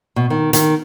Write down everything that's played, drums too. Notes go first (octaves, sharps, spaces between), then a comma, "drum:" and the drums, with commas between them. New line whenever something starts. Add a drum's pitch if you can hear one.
B2
D#3
D#3, drum: hi-hat